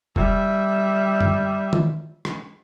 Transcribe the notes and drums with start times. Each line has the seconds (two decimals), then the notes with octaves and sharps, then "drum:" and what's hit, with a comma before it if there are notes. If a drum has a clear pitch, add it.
0.16 G3 E5, drum: kick F1
1.21 drum: tom F#2
1.73 drum: tom
2.25 drum: rim click